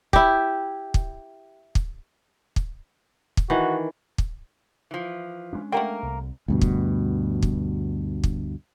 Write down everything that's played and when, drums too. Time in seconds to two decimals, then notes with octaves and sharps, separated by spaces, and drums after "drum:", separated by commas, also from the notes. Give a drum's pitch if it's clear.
0.13 E4 G4, drum: kick
0.94 drum: kick
1.75 drum: kick
2.56 drum: kick
3.37 drum: kick
3.50 D#3 E3 F#4
4.18 drum: kick
4.91 E3 F3
5.53 G#3 C#4 D4
5.72 A3 A#3 A#4 F#5 G5
6.03 C2
6.48 D2 G2 B2
6.61 drum: kick
7.43 drum: kick
8.24 drum: kick